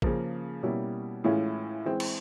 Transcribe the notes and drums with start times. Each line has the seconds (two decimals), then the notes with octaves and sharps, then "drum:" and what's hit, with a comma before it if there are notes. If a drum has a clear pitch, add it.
0.02 C#3 F3 A#3, drum: kick A1
0.63 B2 G3 A#3 C#4 E4
1.24 A2 E3 G#3 C#4 F4
1.86 E3 G#3 C4
2.00 drum: cymbal